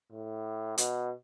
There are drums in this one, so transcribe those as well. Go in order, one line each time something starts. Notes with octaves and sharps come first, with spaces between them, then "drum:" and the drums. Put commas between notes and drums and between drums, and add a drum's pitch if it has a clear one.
A2
B2, drum: hi-hat